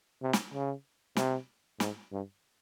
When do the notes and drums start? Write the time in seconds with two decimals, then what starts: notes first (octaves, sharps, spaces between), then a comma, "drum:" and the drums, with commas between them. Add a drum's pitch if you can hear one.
0.22 C3
0.33 drum: snare
0.54 C#3
1.17 C3, drum: snare
1.80 G#2, drum: snare
2.12 G2